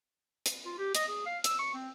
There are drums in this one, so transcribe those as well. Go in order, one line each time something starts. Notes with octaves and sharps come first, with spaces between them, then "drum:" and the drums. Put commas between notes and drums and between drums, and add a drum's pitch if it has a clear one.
drum: hi-hat
F4
G4
D#5, drum: hi-hat
G#4
F5
E6, drum: hi-hat
C#6
C4